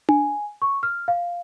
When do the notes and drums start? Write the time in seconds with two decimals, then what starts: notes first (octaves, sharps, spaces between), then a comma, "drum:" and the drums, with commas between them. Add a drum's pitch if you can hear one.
0.09 G#5, drum: tom D4
0.62 C#6
0.83 F6
1.08 F5